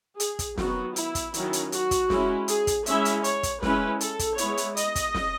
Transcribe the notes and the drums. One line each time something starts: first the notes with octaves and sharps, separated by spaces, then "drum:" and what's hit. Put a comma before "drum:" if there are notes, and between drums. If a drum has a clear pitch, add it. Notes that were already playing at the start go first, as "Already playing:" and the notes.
G#4, drum: hi-hat
drum: kick, hi-hat
D#3 F#3 B3 F#4, drum: snare
E4, drum: hi-hat
drum: kick, hi-hat
D#3 F#3 C#4 E4, drum: hi-hat
drum: hi-hat
F#4, drum: hi-hat
drum: kick, hi-hat
G#3 C#4 E4, drum: snare
G#4, drum: hi-hat
drum: kick, hi-hat
G#3 C#4 E4 E5, drum: hi-hat
drum: hi-hat
C#5, drum: hi-hat
drum: kick, hi-hat
G#3 C#4 E4 B4, drum: snare
A4, drum: hi-hat
drum: kick, hi-hat
G#3 B3 E4 C#5, drum: hi-hat
drum: hi-hat
D#5, drum: hi-hat
drum: kick, hi-hat
drum: snare